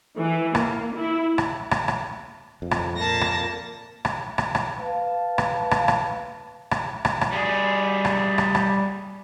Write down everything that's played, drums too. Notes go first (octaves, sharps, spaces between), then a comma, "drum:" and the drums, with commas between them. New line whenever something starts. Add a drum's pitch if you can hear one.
E3
A#3, drum: rim click
E4
drum: rim click
drum: rim click
drum: rim click
F2
drum: rim click
A#2 A#3 A5 A#6
drum: rim click
drum: rim click
drum: rim click
drum: rim click
B4 F5 A5
drum: rim click
drum: rim click
drum: rim click
drum: rim click
drum: rim click
drum: rim click
G3 G#4
drum: rim click
drum: rim click
drum: rim click